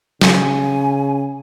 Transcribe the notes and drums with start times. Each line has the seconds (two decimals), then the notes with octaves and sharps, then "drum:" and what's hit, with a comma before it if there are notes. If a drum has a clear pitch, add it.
0.21 C#3 G#5, drum: snare